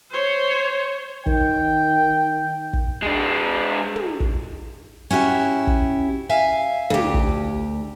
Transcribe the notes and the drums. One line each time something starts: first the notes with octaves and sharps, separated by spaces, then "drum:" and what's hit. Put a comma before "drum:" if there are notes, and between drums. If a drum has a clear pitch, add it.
C5 C#5
D#3 G5, drum: kick
drum: kick
G#3 D4
drum: tom
drum: kick
C#4 E4 F#4 G4
drum: kick
E5 F5 G#5
D2 G4, drum: tom
drum: kick